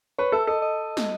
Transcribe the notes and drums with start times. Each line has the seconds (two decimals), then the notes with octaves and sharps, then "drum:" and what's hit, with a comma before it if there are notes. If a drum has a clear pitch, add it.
0.19 B4 C#5
0.32 A4 E5
0.47 A4 D#5
0.62 D#5
0.97 drum: snare